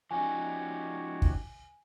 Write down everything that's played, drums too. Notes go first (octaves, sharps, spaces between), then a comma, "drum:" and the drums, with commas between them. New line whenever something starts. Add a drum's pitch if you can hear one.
F3 C#4 D#4 F#4 G4 C#5 G#5
drum: kick